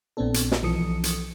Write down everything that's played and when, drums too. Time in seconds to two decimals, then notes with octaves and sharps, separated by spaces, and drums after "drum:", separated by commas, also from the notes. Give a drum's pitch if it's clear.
0.17 A#1 A#2 B3 C4 D4 A4
0.34 drum: hi-hat
0.52 drum: snare
0.62 B1 E3 F3 A4 D#6 C#7
1.04 drum: hi-hat